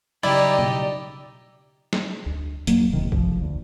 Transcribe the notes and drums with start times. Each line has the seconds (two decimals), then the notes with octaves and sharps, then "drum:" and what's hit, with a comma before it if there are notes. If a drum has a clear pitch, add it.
0.23 C#3 F#3 G3 D#4 E4 G4 D5, drum: open hi-hat
0.59 drum: tom B2
1.93 drum: snare
2.26 D2
2.67 D#1 F#2 F#3 A#3, drum: hi-hat
2.93 F1 E2 C3 D#3
3.12 E1 B2 F3, drum: kick G#1
3.41 D2